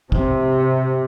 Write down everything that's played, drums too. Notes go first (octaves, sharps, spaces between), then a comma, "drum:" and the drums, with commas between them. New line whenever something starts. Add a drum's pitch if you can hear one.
C3, drum: kick G#1